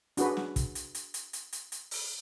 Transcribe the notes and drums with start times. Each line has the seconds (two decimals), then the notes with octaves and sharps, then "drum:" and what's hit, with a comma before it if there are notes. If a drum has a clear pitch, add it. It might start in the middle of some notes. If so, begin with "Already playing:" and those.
0.17 D4 F#4 G#4 B4, drum: hi-hat
0.37 drum: snare
0.56 drum: kick, hi-hat
0.75 drum: hi-hat
0.95 drum: hi-hat
1.14 drum: hi-hat
1.33 drum: hi-hat
1.53 drum: hi-hat
1.72 drum: hi-hat
1.91 drum: open hi-hat